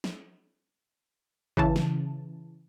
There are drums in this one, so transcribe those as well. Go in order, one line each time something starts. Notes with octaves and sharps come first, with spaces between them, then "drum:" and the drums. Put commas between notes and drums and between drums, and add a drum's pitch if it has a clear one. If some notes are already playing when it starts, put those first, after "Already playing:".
drum: snare
C#3 E3 A5, drum: kick G#1
drum: snare